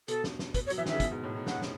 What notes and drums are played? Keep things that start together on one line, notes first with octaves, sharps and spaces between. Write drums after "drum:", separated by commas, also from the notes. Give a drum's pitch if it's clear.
B2 A4, drum: hi-hat
drum: snare
drum: snare
B4, drum: kick, hi-hat
C#5
F#3, drum: hi-hat
E3 E5
D#3, drum: snare
C#3 E5
B2, drum: kick, hi-hat
G#2
A2
G#2
A2 F#5, drum: snare
drum: snare